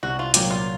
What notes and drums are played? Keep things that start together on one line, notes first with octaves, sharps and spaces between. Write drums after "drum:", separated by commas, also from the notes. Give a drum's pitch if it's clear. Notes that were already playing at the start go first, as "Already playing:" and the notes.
C2 F#4
F4
A#2 F#3 A#3 G4, drum: hi-hat
F4